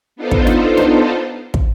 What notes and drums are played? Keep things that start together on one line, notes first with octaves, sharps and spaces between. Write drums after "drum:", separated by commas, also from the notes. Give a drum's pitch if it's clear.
B3 D4 D#4 F4 A4 C5
drum: kick
drum: snare
drum: snare
drum: kick